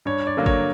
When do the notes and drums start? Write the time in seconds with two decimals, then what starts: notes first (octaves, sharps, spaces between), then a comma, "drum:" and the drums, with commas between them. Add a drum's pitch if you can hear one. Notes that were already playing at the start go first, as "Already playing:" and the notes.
0.05 G2 C#5
0.27 D5
0.37 D3 F#3 A#3
0.46 C#5, drum: kick G1